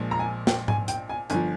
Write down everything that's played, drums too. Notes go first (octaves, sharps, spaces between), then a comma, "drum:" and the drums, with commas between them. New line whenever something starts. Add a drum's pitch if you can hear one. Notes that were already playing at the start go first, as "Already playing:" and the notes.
Already playing: A#1 A#2 F3 G#3
A#5
G#5
G5, drum: snare
G#5, drum: tom G#2
G5, drum: hi-hat
G#5
G1 F3 G#5, drum: hi-hat